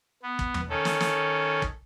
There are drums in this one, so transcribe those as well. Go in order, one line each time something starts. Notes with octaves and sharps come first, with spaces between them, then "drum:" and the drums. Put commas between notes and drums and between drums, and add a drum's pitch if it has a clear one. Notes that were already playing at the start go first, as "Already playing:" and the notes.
B3
drum: kick
drum: tom
D#3 C#4 A4
drum: snare
drum: snare
drum: kick